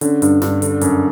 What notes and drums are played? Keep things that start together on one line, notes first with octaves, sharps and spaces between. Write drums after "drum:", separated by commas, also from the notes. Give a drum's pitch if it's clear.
D3 C#4, drum: hi-hat
G2, drum: hi-hat
G2, drum: snare
D3, drum: hi-hat
F#2, drum: hi-hat